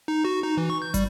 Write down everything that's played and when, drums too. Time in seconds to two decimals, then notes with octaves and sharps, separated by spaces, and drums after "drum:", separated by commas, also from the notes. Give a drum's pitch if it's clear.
0.08 D#4
0.25 F#4
0.43 D#4
0.57 E3
0.70 C#6
0.82 G6
0.94 G3, drum: kick, hi-hat